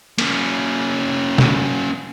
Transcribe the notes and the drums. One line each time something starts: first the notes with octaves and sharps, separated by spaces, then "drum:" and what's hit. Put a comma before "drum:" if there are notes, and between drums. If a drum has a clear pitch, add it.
A#3 C#4, drum: cymbal
drum: snare